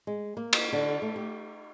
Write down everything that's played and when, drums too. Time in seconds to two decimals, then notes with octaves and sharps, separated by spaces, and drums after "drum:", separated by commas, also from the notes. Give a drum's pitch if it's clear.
0.07 G#3
0.37 A#3
0.53 drum: cymbal
0.73 D3
1.02 A3
1.16 G4